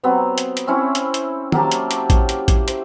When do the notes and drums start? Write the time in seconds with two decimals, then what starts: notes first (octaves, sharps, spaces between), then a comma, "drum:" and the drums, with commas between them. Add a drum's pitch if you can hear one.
0.03 F#3 B3 C4
0.38 drum: hi-hat
0.57 drum: hi-hat
0.67 C4 C#4 E4 C#5
0.95 drum: hi-hat
1.14 drum: hi-hat
1.52 F#3 A#3 G4 A5, drum: tom D#3
1.71 drum: hi-hat
1.91 drum: hi-hat
2.10 drum: kick, hi-hat
2.29 drum: hi-hat
2.48 drum: kick, hi-hat
2.68 C5, drum: hi-hat